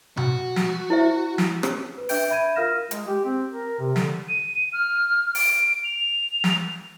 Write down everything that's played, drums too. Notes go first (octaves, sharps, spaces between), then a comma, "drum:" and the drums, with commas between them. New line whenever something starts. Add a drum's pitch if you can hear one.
F#4, drum: tom B2
drum: snare
E4 C5 E5
drum: snare
drum: rim click
B4
D4 B4 E5 G5 G6 D7, drum: open hi-hat
E5 B5 G6 G#6 D#7
F4 A#4 F5 F6 A#6 E7
G#3, drum: hi-hat
G4
C4
A#4
C3
D3, drum: snare
D#7
F6
D7, drum: open hi-hat
F7
drum: snare